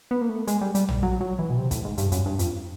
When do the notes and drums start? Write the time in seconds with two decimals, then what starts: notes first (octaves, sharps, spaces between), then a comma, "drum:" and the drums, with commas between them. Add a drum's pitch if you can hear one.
0.11 B3
0.21 A#3
0.29 A3
0.47 G#3, drum: hi-hat
0.61 G3
0.75 G3, drum: hi-hat
0.89 drum: tom A#1
1.03 F#3
1.20 F#3
1.39 E3
1.50 B2
1.58 C3
1.71 A2, drum: kick, hi-hat
1.84 G#2
1.98 G2, drum: hi-hat
2.12 F#2, drum: hi-hat
2.26 G2
2.39 F2, drum: hi-hat